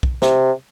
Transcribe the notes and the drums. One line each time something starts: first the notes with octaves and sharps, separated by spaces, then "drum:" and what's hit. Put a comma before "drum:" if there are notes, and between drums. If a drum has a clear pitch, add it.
drum: kick B1
C3, drum: snare